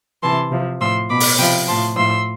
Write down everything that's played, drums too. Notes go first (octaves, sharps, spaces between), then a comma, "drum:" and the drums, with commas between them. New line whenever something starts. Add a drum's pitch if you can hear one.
C3 E3 A5 C6
C3 F3
A2 F3 C6 E6
B2 B5 D6
drum: open hi-hat
C3 F3 G5 B5
A2 F3 A5 C6
A2 F3 C6 E6